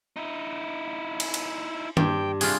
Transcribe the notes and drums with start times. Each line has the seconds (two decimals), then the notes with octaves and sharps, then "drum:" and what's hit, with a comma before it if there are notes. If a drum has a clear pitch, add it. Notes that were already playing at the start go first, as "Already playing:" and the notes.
0.16 D#4 E4
1.20 drum: cymbal
1.34 drum: cymbal
1.97 G2 G5, drum: tom D#3
2.41 C2 F4 G#4, drum: open hi-hat